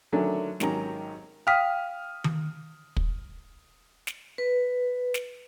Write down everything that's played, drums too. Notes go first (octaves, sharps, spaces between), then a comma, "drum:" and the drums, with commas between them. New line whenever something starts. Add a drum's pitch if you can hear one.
D3 D#3 F#3 A3 C#4 D4
G#1 D#3 F#3 C#4 G4 A#5, drum: snare
F5 G5 D#6 F6 B6
drum: tom D#3
drum: kick
drum: snare
B4
drum: snare